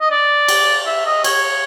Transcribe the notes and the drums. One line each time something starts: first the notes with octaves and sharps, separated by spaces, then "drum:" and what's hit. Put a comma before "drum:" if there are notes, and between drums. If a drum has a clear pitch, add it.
D#5
D5
drum: cymbal
E5
D#5
C#5, drum: cymbal